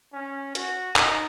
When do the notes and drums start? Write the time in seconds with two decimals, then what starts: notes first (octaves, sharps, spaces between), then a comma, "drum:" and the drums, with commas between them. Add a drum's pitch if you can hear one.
0.13 C#4
0.55 F#4, drum: hi-hat
0.96 D#4, drum: clap